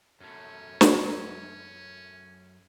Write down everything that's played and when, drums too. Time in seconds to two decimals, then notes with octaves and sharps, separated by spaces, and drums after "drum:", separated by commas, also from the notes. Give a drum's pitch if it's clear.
0.21 F#2 A3 C#4
0.81 drum: snare